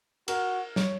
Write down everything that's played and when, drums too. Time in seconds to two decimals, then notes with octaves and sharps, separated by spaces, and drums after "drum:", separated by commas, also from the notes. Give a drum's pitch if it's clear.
0.28 F#4 A#4, drum: cymbal
0.76 C#5, drum: snare